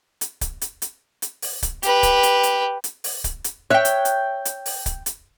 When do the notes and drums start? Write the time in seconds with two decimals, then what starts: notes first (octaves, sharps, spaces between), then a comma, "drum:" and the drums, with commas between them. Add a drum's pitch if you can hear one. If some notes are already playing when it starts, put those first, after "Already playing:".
0.21 drum: hi-hat
0.41 drum: kick C#1, hi-hat
0.61 drum: hi-hat
0.82 drum: hi-hat
1.22 drum: hi-hat
1.42 drum: open hi-hat
1.63 drum: kick C#1, hi-hat
1.83 G4 B4, drum: hi-hat
2.03 drum: kick C#1, hi-hat
2.23 drum: hi-hat
2.43 drum: hi-hat
2.84 drum: hi-hat
3.04 drum: open hi-hat
3.24 drum: kick C#1, hi-hat
3.44 drum: hi-hat
3.70 C#5 E5 G5 F#6
3.85 drum: hi-hat
4.05 drum: hi-hat
4.45 drum: hi-hat
4.66 drum: open hi-hat
4.86 drum: kick C#1, hi-hat
5.06 drum: hi-hat